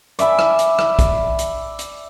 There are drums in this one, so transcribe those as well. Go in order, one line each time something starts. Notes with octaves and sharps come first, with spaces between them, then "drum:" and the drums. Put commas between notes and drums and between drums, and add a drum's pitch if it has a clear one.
D5 E5 G#5 B5, drum: hi-hat
drum: rim click
drum: hi-hat
drum: rim click
drum: kick, hi-hat
drum: hi-hat
drum: hi-hat